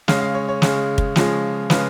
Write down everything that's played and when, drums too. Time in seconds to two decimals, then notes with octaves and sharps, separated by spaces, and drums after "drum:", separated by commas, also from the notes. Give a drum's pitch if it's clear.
0.08 C#3 G#3 C#4 F5, drum: snare
0.21 F5
0.35 C#5
0.48 C#5
0.62 C#3 G#3 C#4, drum: snare
0.98 drum: kick
1.16 C#3 F3 G#3 C#4 F4, drum: snare
1.70 C#3 F3 G#3 C#4 F4 B4, drum: snare